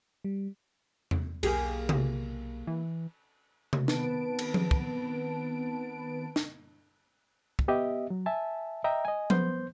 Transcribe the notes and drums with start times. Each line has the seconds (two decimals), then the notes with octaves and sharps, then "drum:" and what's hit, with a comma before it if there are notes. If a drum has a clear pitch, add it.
0.25 G3
1.11 drum: tom E2
1.43 B1 A#3 G4 G#4, drum: cymbal
1.89 drum: tom C3
2.67 E3
3.73 drum: tom C3
3.88 D#3 B3 C4 B4 A5 D7, drum: snare
4.39 drum: cymbal
4.54 drum: tom F3
4.71 drum: kick
6.36 drum: snare
7.59 drum: kick
7.68 B3 G4 D#5 E5
8.10 F#3
8.26 E5 G#5 A5
8.84 D#5 E5 G5 A#5
9.05 D#5 G#5
9.30 B3 C5 C6 G6, drum: tom F3